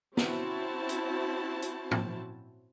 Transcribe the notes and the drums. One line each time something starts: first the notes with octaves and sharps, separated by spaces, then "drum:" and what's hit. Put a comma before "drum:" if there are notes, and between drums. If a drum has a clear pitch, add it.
C4 C#4 E4 F#4 C5 A5, drum: snare
drum: hi-hat
drum: hi-hat
drum: tom